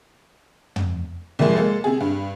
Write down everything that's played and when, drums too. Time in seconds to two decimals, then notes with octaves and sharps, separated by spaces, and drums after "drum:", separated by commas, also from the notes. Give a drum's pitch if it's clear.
0.76 drum: tom
1.39 C2 F2 D#3 G#3
1.56 G#3 A#3 A4
1.84 C3 G#4
2.00 G2